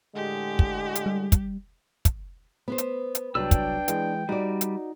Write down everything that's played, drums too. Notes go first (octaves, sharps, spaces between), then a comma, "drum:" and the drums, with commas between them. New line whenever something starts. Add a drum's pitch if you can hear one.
A2 D3 G#3 G4
drum: kick
drum: hi-hat
G3
drum: kick, hi-hat
drum: kick, hi-hat
B3 B4 C5
drum: hi-hat
drum: hi-hat
C2 F#3 D4 B4 D5 G5 E6
drum: kick, hi-hat
E3 G#3, drum: hi-hat
G3 D#4 F#4 D5
drum: hi-hat